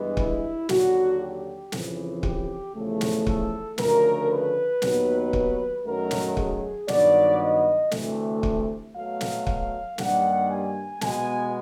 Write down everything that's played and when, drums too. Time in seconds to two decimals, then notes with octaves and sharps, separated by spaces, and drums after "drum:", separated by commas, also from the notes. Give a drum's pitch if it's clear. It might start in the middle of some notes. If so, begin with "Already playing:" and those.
Already playing: G2 E3 G#3 B3
0.17 E4, drum: kick
0.69 D#2 D3 F#3 F#4, drum: snare
1.20 G4
1.72 F2 C#3 E3, drum: snare
2.23 G4, drum: kick
2.75 E2 C#3 F3 A3
3.01 drum: snare
3.27 A4, drum: kick
3.78 D2 C#3 F3 A3 A#4, drum: snare
4.31 B4
4.82 D#2 D#3 F#3 B3, drum: snare
5.33 drum: kick
5.84 F#2 D#3 F#3 A3 A#4
6.11 drum: snare
6.37 G#4, drum: kick
6.88 G2 D#3 F#3 B3 D5, drum: snare
7.40 D#5
7.91 D2 C3 E3 A3, drum: snare
8.43 drum: kick
8.94 B2 F#3 A3 F5
9.21 drum: snare
9.47 F5, drum: kick
9.98 G2 D#3 G3 A#3 F#5, drum: snare
10.49 G#5
11.01 B2 G#3 B3 G#5, drum: snare